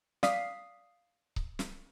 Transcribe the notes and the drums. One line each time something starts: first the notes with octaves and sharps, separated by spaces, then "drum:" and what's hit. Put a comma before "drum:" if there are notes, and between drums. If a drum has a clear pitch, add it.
D5 F5 D#6 B6 C7, drum: snare
drum: kick C#1
drum: snare